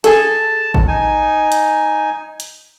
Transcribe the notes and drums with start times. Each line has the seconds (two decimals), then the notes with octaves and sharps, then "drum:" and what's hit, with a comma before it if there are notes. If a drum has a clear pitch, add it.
0.04 G#4 A4 A5, drum: hi-hat
0.74 drum: kick G#1
0.88 D#4 G#5
1.52 drum: hi-hat
2.40 drum: hi-hat